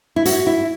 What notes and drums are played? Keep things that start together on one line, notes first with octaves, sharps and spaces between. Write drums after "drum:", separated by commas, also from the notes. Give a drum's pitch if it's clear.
E4
F#4, drum: hi-hat
E4